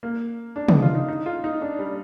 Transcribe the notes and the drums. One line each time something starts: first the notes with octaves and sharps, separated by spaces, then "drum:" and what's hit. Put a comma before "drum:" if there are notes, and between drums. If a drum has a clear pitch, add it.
A#3
D4
D#4, drum: tom
F4
D#4
D#4
F4
D#4
D4
G3